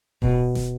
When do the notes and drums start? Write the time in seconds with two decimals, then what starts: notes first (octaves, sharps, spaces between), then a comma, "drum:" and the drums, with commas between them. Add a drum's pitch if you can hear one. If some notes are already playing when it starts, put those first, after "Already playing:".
0.22 B2, drum: kick D#1
0.55 drum: snare